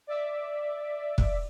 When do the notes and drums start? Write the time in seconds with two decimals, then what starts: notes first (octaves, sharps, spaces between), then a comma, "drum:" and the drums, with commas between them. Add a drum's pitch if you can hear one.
0.07 D5 E5 D6
1.18 drum: kick